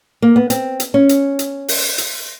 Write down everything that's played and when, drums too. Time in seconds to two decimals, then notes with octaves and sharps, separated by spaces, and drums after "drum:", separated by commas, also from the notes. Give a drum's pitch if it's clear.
0.22 A#3
0.36 B3
0.50 C4, drum: hi-hat
0.80 drum: hi-hat
0.94 C#4
1.09 drum: hi-hat
1.39 drum: hi-hat
1.68 drum: open hi-hat
1.98 drum: hi-hat